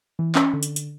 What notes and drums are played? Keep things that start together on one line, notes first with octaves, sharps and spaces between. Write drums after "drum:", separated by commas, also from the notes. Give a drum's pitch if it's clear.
E3
C#4, drum: clap
D3
drum: hi-hat
drum: hi-hat